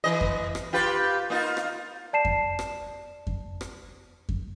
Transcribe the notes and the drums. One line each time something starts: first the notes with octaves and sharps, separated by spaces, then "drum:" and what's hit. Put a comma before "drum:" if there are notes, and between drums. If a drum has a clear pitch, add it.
E3 B4 D#5
drum: kick F2
drum: rim click
F4 G4 B4
A#3 D#4 F4
drum: rim click
D5 A5 C7 E7
drum: kick F2
drum: rim click
drum: kick F2
drum: rim click
drum: kick F2